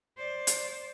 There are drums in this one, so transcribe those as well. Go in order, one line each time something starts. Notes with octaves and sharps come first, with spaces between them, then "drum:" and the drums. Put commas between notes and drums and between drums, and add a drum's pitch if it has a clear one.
C5 D5
drum: hi-hat